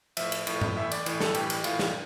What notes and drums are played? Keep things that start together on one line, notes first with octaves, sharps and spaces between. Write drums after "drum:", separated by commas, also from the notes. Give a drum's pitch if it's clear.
A2 F3 E5, drum: cymbal
drum: cymbal
A2 F3, drum: cymbal
drum: tom G#2
A2 E3 E5
D5, drum: cymbal
A2 E3, drum: cymbal
A4, drum: snare
A2 E3 G4, drum: cymbal
drum: cymbal
A2 E3 F4, drum: cymbal
drum: snare